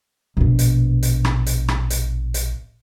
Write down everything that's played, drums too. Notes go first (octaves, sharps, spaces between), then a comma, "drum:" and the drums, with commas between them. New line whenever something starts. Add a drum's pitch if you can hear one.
A#1 B2
drum: hi-hat
drum: hi-hat
drum: rim click
drum: hi-hat
drum: rim click
drum: hi-hat
drum: hi-hat